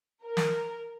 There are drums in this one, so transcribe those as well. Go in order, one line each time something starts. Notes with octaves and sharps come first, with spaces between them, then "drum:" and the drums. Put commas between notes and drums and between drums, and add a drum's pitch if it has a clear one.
A#4
drum: snare